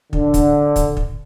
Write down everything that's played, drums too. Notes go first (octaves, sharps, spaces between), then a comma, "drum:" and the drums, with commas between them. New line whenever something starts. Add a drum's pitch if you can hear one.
D3, drum: kick
drum: kick, hi-hat
drum: kick, hi-hat
drum: kick